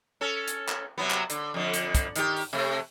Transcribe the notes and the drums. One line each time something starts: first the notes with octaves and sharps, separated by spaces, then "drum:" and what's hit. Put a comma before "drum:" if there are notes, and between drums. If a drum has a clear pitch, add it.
C#4 A4
drum: hi-hat
drum: clap
C3 F#3 B3
drum: clap
D3, drum: hi-hat
F2 D3
drum: hi-hat
drum: kick, hi-hat
D#3 G4, drum: hi-hat
drum: open hi-hat
C3 A3